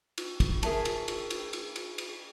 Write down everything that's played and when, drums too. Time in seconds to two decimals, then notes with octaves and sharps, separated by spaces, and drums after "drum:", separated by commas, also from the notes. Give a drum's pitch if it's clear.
0.18 drum: cymbal
0.40 drum: kick, cymbal
0.63 G#4 A#4 E5 G#5 A5, drum: cymbal
0.85 drum: cymbal
1.08 drum: cymbal
1.30 drum: cymbal
1.53 drum: cymbal
1.76 drum: cymbal
1.98 drum: cymbal